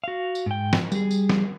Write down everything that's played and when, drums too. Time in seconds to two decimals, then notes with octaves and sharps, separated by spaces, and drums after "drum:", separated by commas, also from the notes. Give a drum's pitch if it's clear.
0.04 F#4 F5
0.35 drum: tambourine
0.46 G#2 G5
0.73 drum: snare
0.92 G3 G#4, drum: tambourine
1.11 drum: tambourine
1.29 drum: snare